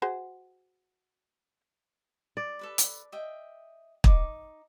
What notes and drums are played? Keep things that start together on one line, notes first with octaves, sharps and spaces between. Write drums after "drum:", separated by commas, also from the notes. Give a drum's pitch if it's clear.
F#4 G#4 C5
D5
A4 B4 B5
drum: hi-hat
D#5 E5 G5
D#4 D6, drum: kick